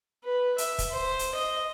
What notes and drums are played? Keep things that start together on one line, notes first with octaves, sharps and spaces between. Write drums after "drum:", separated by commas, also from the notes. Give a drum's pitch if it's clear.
B4
E5, drum: hi-hat
drum: kick, hi-hat
C5
drum: hi-hat
D#5